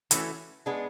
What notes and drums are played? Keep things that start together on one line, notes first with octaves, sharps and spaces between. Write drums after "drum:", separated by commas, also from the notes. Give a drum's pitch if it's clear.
E3 A3 C#4 F#4, drum: hi-hat
G#3 B3 D4 G#4